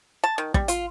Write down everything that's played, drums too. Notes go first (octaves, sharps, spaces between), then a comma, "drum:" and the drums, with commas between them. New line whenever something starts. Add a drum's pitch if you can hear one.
A5
D#3
G3, drum: kick
F4, drum: hi-hat